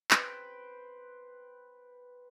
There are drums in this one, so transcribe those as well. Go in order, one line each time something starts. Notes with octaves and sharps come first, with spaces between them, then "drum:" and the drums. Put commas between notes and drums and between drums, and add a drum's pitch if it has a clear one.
B4 C5 G5, drum: clap